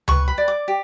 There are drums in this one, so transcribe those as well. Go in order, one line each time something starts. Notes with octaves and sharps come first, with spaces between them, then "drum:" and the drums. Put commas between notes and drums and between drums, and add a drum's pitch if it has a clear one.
B4 C#6, drum: tom C#2
B5
D5
D6
G4